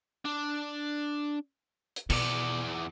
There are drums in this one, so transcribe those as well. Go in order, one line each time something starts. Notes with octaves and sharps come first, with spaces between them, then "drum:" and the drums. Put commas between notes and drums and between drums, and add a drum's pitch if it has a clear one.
D4
drum: hi-hat
E2 B2 D5, drum: cymbal